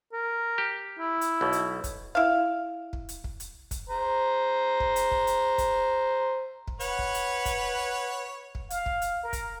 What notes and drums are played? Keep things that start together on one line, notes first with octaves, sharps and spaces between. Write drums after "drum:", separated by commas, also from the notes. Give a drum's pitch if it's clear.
A#4
G4
E4
drum: hi-hat
B1 B2
drum: hi-hat
drum: kick, hi-hat
E4 F5
drum: kick
drum: hi-hat
drum: kick
drum: hi-hat
drum: kick, hi-hat
C5 A#5
drum: kick
drum: hi-hat
drum: kick
drum: hi-hat
drum: kick, hi-hat
drum: kick
B4 C#5 F#5, drum: hi-hat
drum: kick
drum: hi-hat
drum: kick, hi-hat
drum: kick
F5, drum: hi-hat
drum: kick
drum: hi-hat
A#4
drum: kick, hi-hat